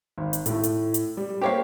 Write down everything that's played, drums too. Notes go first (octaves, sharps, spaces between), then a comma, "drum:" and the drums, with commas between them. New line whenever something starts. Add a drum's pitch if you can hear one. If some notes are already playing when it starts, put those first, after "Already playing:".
G#1
drum: hi-hat
A2 A3, drum: hi-hat
drum: hi-hat
drum: hi-hat
G3
A#3 G4 A#4 C5 C#5 F5